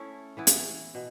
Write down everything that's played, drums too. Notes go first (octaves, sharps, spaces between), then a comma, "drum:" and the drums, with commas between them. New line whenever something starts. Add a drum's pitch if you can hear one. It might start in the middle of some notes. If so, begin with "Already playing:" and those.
Already playing: A3 C#4 E4 A4
E3 B3 E4
drum: hi-hat
B2